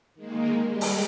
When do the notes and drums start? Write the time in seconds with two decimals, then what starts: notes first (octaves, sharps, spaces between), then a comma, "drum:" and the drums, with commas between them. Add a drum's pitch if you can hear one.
0.15 D#3 G#3 A#3
0.65 G3 G#3 G4
0.81 drum: open hi-hat